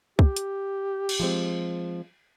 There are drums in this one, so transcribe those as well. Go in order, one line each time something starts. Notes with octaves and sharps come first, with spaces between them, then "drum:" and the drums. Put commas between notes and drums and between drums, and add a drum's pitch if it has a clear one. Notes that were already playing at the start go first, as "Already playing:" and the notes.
G4, drum: kick
drum: hi-hat
drum: cymbal
F3 G#3 C4